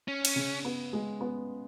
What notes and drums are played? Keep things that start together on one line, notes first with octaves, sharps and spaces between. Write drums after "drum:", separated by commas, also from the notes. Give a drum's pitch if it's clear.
C#4
drum: cymbal
C#3
B3
G#3
B3